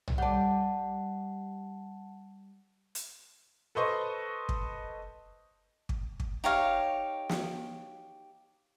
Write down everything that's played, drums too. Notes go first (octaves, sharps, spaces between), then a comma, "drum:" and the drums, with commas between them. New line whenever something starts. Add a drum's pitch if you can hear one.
drum: tom B1
G3 D5 F#5 A5
drum: hi-hat
A4 B4 C5 D#5 C6 C#6
drum: kick
drum: kick
drum: kick
D#4 G4 C#5 F5
drum: snare